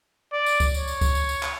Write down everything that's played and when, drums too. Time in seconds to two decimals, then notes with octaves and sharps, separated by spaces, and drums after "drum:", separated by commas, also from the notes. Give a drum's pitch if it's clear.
0.33 D5
0.46 drum: tambourine
0.60 drum: kick C#2, tambourine
0.74 C#5, drum: tambourine
0.88 drum: tambourine
1.01 drum: kick C#2, tambourine
1.15 drum: tambourine
1.29 drum: tambourine
1.43 drum: clap